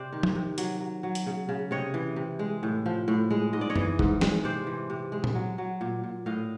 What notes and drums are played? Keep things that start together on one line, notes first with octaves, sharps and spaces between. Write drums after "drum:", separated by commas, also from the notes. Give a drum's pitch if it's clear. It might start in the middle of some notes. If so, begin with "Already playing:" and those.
Already playing: C3 C5 D5
D#3
drum: tom
C3
F#3, drum: hi-hat
F#3
F#3
drum: hi-hat
C#3
C#3
C3 C#5 D#5
E3
C3
G#3
A2
F3
A2
G#3
G#2 D#5
D5
C#5 D#5
E3, drum: tom F#2
G#2, drum: kick
G#3, drum: snare
C3 C5 D5
E3
C3
G#3
drum: tom A#2
F#3
F#3
A#2
A#2
A2 D#5 F5